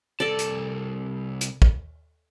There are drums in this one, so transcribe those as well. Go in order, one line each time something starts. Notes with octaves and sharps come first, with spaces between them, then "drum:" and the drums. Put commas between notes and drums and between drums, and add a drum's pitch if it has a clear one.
C2 A4 D5 A5
drum: hi-hat
drum: hi-hat
drum: kick